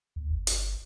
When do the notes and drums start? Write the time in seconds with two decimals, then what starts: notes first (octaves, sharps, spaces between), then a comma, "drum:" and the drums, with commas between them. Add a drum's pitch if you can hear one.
0.16 D#2
0.31 G1
0.47 drum: hi-hat